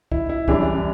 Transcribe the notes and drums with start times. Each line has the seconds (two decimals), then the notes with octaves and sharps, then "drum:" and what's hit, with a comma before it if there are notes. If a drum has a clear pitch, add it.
0.12 E4, drum: kick C2
0.29 E4
0.48 F#2 E3 G3 C#4 D4, drum: kick C2